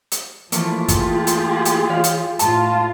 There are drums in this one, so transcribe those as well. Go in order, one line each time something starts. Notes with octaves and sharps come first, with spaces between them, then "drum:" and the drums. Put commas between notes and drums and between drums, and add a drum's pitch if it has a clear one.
drum: hi-hat
E3 F3 A3 A#3, drum: hi-hat
F4 G4 G#4, drum: kick, hi-hat
drum: hi-hat
drum: hi-hat
E3 C#5 F5
drum: hi-hat
A2 F4 A5, drum: hi-hat